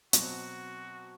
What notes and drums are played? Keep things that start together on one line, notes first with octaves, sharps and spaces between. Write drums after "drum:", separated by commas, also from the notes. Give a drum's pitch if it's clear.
B2 F#3 C4 F#4, drum: hi-hat